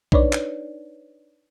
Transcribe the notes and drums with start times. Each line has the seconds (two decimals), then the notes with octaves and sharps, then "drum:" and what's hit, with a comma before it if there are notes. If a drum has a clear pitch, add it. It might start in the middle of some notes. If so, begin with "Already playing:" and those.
0.12 D4 D#4 B4 C#5 D5, drum: kick B1
0.33 drum: clap